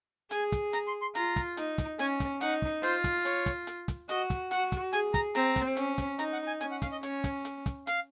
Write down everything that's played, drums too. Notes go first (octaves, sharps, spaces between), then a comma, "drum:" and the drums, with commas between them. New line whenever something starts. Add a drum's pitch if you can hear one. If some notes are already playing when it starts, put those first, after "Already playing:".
G#4 G#5, drum: hi-hat
drum: kick, hi-hat
A#5, drum: hi-hat
C6
C6
F4 A#5, drum: hi-hat
drum: kick, hi-hat
D#4, drum: hi-hat
drum: kick, hi-hat
C#4 G#5, drum: hi-hat
drum: kick, hi-hat
D#4 F#5, drum: hi-hat
drum: kick
F4 C5, drum: hi-hat
drum: kick, hi-hat
C#5, drum: hi-hat
drum: kick, hi-hat
drum: hi-hat
drum: kick, hi-hat
F#4 D#5, drum: hi-hat
drum: kick, hi-hat
F#4 F#5, drum: hi-hat
drum: kick, hi-hat
G#4 G#5, drum: hi-hat
A#5, drum: kick, hi-hat
C4 A#5, drum: hi-hat
drum: kick, hi-hat
C#4, drum: hi-hat
drum: kick, hi-hat
D#4 A#5, drum: hi-hat
F#5
G#5
C#4 G#5, drum: hi-hat
F#5
F5, drum: kick, hi-hat
D#5
C#4 C#5, drum: hi-hat
drum: kick, hi-hat
drum: hi-hat
drum: kick, hi-hat
F5, drum: hi-hat